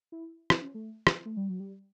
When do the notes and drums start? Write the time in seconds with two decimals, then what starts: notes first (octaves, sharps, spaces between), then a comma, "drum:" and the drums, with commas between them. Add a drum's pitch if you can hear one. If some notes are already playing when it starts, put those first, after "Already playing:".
0.12 E4
0.50 E4, drum: rim click
0.62 C#4
0.74 A3
1.07 drum: rim click
1.25 A3
1.37 G3
1.49 F#3
1.60 G3